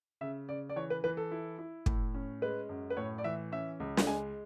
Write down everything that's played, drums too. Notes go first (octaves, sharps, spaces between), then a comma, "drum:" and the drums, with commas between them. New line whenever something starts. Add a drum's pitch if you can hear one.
C#3 E5
C#3 D5
D5
E3 C#5
B4
E3 B4
A4
E4
E4
A2, drum: kick
C#4
G#3 B4
F#2
B4
A2 C#5
D5
E3 E5
C#4 E5
C#2
drum: snare
G#3 G#5